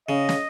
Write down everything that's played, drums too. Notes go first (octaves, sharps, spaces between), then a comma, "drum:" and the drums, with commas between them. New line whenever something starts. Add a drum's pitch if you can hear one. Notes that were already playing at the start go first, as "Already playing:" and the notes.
C#3 D#5
drum: snare